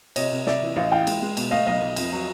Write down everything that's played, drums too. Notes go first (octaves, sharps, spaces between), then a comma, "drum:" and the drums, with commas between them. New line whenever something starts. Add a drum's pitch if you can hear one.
C3 C#5 D#5, drum: cymbal
C3
C3 D5 E5, drum: snare
E3
A1 D#5 F5
E3 F5 G5
G#3, drum: cymbal
G#3
B2, drum: cymbal
A3 D#5 F5
B1 D#5 F5
B1
F2, drum: cymbal
F#3